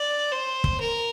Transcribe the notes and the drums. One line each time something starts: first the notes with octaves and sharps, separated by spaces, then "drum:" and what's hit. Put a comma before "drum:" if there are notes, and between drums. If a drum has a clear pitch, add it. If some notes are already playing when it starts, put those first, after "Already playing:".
Already playing: D5
C5
drum: kick
A#4